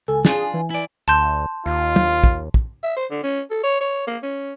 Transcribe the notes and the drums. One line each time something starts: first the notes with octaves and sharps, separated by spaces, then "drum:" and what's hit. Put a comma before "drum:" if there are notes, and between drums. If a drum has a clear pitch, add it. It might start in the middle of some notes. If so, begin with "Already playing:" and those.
C#2 A4 G#5
D4 F4 G#4, drum: snare
E3
E4 D5
D2 A5 C6 G6
D#2 F4
drum: tom
drum: kick
drum: kick
E5
C5
D3
C#4
A4
C#5
C#5
A#3
C#4